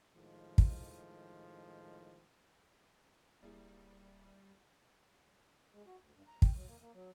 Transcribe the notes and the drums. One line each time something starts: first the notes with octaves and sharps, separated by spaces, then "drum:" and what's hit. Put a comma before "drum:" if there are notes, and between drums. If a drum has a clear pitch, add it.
A2 D#3 F3 G#3
drum: kick
D1 G3 A#3 E4 G#4
G#3
F#4
D2
G2
A#5
G5, drum: kick
F#3
A#3
A#3
F#3